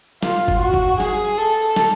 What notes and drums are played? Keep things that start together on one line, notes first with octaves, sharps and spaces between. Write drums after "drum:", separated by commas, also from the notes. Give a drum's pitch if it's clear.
F4, drum: snare
drum: kick
F#4
drum: kick
G#4, drum: snare
A4
drum: snare